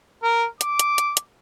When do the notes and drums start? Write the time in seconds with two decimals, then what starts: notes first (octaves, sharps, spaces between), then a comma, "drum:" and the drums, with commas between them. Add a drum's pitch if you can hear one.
0.23 A#4
0.61 D6, drum: hi-hat
0.79 drum: hi-hat
0.98 drum: hi-hat
1.17 drum: hi-hat